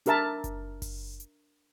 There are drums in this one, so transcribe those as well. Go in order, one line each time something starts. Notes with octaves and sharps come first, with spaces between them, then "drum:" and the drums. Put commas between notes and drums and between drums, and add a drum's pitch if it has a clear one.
D4 G4 A#4 E5 A5, drum: hi-hat
drum: kick F#1, hi-hat
drum: kick F#1, open hi-hat
drum: hi-hat